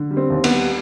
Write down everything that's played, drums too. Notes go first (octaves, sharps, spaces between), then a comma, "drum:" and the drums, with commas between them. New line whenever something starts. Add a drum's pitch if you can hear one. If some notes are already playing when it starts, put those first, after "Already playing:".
Already playing: D3
G3
C4
D#2
B3, drum: cymbal
G3